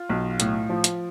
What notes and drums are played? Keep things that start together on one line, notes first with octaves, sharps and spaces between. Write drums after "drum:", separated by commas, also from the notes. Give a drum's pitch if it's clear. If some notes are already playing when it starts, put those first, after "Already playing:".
Already playing: F4
B1
A2, drum: hi-hat
F3
drum: hi-hat